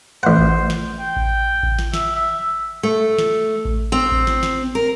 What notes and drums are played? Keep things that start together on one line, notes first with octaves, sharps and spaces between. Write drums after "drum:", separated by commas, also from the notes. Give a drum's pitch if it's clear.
A1 C5 F#5
drum: kick A1
drum: snare
G5
drum: kick A1
drum: kick A1
drum: snare
E5, drum: snare
E5
A3
drum: snare
drum: kick A1
C4
drum: kick A1
drum: snare
drum: snare
A#4